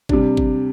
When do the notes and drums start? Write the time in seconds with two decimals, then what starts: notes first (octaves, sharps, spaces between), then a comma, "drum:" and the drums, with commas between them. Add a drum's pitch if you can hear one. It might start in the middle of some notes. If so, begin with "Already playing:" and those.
0.09 C3 G3 D4, drum: kick G#1
0.37 drum: kick G#1